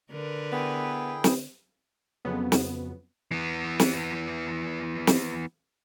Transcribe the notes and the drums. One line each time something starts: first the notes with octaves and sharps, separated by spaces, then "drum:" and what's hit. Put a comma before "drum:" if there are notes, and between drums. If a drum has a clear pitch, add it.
D3 A#4 B4
B3 E4 G#4 G5
drum: snare
F2 C#3 F#3 B3
drum: snare
E3 B3
drum: snare
drum: snare